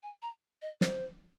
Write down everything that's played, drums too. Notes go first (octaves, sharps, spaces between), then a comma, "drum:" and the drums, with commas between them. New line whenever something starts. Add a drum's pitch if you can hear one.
G#5
A#5
D#5
C5, drum: snare